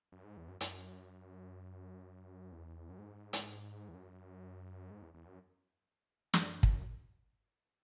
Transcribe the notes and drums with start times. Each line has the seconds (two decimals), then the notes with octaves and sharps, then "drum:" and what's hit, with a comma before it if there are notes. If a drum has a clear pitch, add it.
0.12 F#2
0.24 G#2
0.37 E2
0.48 F#2
0.61 F#2, drum: hi-hat
2.52 E2
2.90 F#2
2.98 G#2
3.33 drum: hi-hat
3.88 E2
3.95 F#2
4.91 G#2
5.02 E2
5.14 E2
5.26 F#2
6.34 F#2, drum: snare
6.63 drum: kick